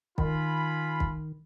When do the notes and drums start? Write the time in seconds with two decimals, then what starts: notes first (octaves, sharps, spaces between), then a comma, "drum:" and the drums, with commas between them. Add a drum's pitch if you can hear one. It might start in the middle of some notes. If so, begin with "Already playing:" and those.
0.18 D#3 F4 G#5 B5, drum: kick
1.00 drum: kick